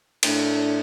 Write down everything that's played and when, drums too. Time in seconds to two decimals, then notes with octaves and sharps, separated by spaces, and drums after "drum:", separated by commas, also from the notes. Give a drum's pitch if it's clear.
0.23 A2 A3 D4, drum: cymbal